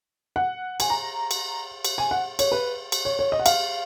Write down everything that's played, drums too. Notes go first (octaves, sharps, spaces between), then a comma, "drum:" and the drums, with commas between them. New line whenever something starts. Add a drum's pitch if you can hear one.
F#5
G#5, drum: cymbal
A#5
drum: cymbal
drum: cymbal
G#5
F#5
C#5, drum: cymbal
B4
drum: cymbal
C#5
C#5
D#5
F#5
F5, drum: cymbal